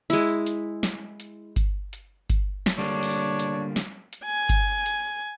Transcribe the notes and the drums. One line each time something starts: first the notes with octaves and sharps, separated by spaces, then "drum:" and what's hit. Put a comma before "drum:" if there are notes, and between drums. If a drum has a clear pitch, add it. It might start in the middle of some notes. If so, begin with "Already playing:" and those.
G#3 E4, drum: open hi-hat
drum: hi-hat
drum: snare
drum: hi-hat
drum: kick G1, hi-hat
drum: hi-hat
drum: kick G1, hi-hat
drum: snare
D3 G3 A#3 D4 C#5
drum: open hi-hat
drum: hi-hat
drum: snare
drum: hi-hat
G#5
drum: kick G1, hi-hat
drum: hi-hat